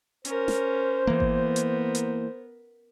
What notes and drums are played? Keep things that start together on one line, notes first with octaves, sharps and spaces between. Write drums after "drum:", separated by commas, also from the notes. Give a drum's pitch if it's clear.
C#4 A#4 C5, drum: hi-hat
drum: snare
E3 A#3 B3 A#4
drum: kick G#1
drum: hi-hat
drum: hi-hat